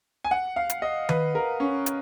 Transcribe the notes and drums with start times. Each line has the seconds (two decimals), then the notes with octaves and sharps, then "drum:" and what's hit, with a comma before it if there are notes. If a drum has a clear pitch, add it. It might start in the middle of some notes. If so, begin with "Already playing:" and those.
0.24 G#5
0.31 F#5
0.56 F5
0.70 drum: hi-hat
0.82 D#5
1.09 B4, drum: tom D#3
1.35 A#4
1.60 C#4
1.86 drum: hi-hat